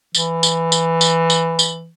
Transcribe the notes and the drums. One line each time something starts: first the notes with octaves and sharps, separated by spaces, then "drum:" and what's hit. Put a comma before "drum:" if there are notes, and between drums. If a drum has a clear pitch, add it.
E3, drum: tambourine
drum: tambourine
drum: tambourine
drum: tambourine
drum: tambourine
drum: tambourine